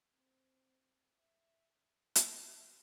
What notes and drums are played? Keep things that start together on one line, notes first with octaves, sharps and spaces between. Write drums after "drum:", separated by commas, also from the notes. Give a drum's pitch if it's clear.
C4
E5
F5, drum: hi-hat